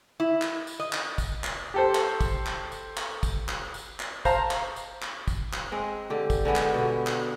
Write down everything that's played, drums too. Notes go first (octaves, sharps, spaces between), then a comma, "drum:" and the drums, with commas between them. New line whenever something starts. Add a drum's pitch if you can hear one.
E4
drum: clap
drum: tambourine
D#5
drum: clap
drum: kick, tambourine
drum: clap
G4 A4 C5
drum: clap
drum: kick, tambourine
drum: clap
drum: tambourine
drum: clap
drum: kick, tambourine
drum: clap
drum: tambourine
drum: clap
C5 F5 A5 A#5, drum: kick, tambourine
drum: clap
drum: tambourine
drum: clap
drum: kick, tambourine
drum: clap
G#3 C4
D3 G4
drum: kick, tambourine
D3 G#3 B3 G4
drum: clap
B2 D3
drum: clap